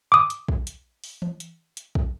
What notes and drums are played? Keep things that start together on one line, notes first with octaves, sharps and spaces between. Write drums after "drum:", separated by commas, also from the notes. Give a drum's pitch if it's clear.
D6 D#6
drum: hi-hat
drum: kick
drum: hi-hat
drum: open hi-hat
drum: tom E3
drum: hi-hat
drum: hi-hat
drum: kick